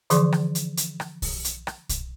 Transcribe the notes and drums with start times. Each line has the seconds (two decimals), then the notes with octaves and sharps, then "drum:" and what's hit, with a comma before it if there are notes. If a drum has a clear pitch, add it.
0.10 D3 E3 F3 G#4 C6, drum: hi-hat
0.32 drum: rim click
0.55 drum: hi-hat
0.77 drum: hi-hat
1.00 drum: rim click
1.22 drum: kick, open hi-hat
1.45 drum: hi-hat
1.67 drum: rim click
1.89 drum: kick, hi-hat